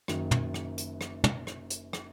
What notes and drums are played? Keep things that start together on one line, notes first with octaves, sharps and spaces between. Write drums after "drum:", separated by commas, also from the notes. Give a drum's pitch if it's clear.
F#1 F#2 D#3, drum: rim click
drum: tom
drum: rim click
drum: hi-hat
drum: rim click
drum: tom
drum: rim click
drum: hi-hat
drum: rim click